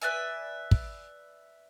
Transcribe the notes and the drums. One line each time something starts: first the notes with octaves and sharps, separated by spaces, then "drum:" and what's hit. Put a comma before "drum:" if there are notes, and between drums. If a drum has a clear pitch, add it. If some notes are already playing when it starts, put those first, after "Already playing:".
B4 D5 E5 G#5
drum: kick